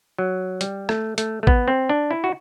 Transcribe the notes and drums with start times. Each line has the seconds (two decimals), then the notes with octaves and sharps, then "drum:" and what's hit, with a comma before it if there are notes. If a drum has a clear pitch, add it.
0.19 F#3
0.61 G3, drum: hi-hat
0.89 A3, drum: rim click
1.18 A3, drum: hi-hat
1.43 A3
1.47 B3, drum: kick
1.68 C4
1.89 D4
2.11 E4
2.24 F#4